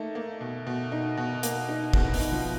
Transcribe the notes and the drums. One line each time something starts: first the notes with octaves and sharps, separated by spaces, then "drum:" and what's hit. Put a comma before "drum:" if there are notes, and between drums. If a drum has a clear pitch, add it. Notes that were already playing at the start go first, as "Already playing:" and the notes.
Already playing: A3 A#3 D#4
A#3
B2
B2
D#4
B2
A#3, drum: hi-hat
D#4
B2 B3, drum: kick
B3, drum: open hi-hat
D#4
F3